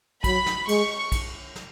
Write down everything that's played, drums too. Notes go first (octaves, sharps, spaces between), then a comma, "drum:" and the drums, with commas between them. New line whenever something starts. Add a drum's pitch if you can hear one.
F#3 B5, drum: kick, cymbal
drum: snare
G#3 C#6, drum: cymbal
drum: kick, cymbal
drum: snare